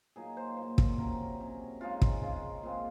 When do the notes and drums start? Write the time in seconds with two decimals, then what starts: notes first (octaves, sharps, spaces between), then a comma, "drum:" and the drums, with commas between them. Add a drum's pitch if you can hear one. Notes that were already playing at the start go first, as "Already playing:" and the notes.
0.16 A#2 F#3 A#3 D#4 G#4
0.37 C5
0.57 A#2 F#3 A#3 D#4 C5
0.78 drum: kick
0.98 C3 F#3 C#4 A#4
1.40 C3 F#3 C#4
1.81 C#3 G#3 D#4 F4
2.02 drum: kick
2.22 C#3 G#3 D#4
2.63 A#2 G#3 C4